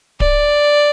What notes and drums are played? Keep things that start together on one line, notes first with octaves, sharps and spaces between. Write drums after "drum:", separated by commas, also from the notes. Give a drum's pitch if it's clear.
D5, drum: kick D1